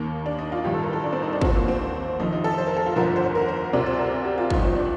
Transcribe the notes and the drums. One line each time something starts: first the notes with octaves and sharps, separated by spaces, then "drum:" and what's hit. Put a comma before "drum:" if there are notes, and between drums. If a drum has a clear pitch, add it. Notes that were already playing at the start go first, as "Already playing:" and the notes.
Already playing: D#2 D#3 A#3
D4
D#4
F4
A1 G2 D#3 G4
A4
A#4
A4
D4
C4
D#4
D4
D#2 D3 F3 C4, drum: kick
A#3
C4
F1 F2 D#3 D#4
D#4
A4
C5
A#4
A4
F4
G1 F2 D3 F3 A#4
C5
C5
A#4
C5
D2 C3 F3 D5
C5
A#4
G4
F4
G1 G2 F3 D#4, drum: kick
C4
D4